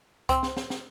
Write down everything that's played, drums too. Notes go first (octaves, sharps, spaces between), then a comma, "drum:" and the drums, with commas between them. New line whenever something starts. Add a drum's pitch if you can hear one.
C4, drum: kick C#2, hi-hat
drum: snare
drum: snare
drum: snare